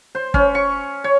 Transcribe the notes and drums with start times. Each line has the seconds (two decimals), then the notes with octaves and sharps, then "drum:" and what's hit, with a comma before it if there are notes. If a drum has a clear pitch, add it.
0.15 C5
0.34 C#4, drum: kick
0.55 C#6
1.04 C#5